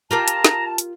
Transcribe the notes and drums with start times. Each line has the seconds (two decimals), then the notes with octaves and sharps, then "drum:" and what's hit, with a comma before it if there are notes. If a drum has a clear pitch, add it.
0.11 F4 G4 A#4 A5 A#5
0.28 drum: hi-hat
0.45 drum: snare
0.78 drum: hi-hat